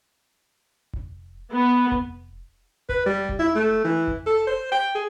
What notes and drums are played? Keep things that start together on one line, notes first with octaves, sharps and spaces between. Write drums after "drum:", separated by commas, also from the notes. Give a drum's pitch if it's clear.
drum: kick F1
B3
drum: kick F1
B4, drum: kick F1
G3
drum: kick F1
E4
A3
E3
drum: kick F1
A4
C5
G5
G#4